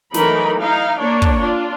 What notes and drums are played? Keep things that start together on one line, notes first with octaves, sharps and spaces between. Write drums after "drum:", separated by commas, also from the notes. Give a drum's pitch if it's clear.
E3 F#3 A3 D#4 A#4 B5, drum: snare
D#4 E4 F5
A#3 D4 C#5
drum: kick
D4 F4